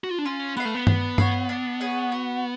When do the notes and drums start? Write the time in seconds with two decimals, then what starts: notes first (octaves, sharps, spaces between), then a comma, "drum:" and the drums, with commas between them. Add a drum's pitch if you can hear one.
0.04 F#4
0.11 F4
0.18 D4
0.25 C#4 F4
0.57 B3 B4 F5
0.65 A3
0.75 B3
0.87 B3 D4, drum: tom G2
1.18 F#4 C#5 F5, drum: tom G2
1.49 D4
1.80 G#4 C#5 F#5
2.12 F#4